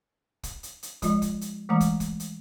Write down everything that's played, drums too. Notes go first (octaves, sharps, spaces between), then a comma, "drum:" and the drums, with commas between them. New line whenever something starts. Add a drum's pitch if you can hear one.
drum: kick, hi-hat
drum: hi-hat
drum: hi-hat
F3 G#3 F4 D#5, drum: kick, hi-hat
drum: kick, hi-hat
drum: hi-hat
E3 G#3 A3 D5 A#5
drum: kick, hi-hat
drum: kick, hi-hat
drum: hi-hat